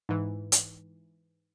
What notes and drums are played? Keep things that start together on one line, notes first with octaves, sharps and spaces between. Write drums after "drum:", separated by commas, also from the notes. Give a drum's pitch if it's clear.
G#2 E3
drum: hi-hat